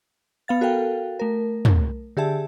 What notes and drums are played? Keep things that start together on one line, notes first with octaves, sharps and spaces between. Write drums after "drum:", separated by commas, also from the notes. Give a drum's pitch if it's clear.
B3 F5 A6
F#4 A4 A#4 F5 G5
A3 A#4
drum: tom
D3 G4 G#4 E5 A5